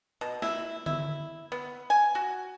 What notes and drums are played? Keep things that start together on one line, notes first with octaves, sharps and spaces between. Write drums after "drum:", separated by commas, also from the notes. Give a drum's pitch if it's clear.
B2
E4, drum: snare
E4, drum: tom D3
B3
G#5
F#4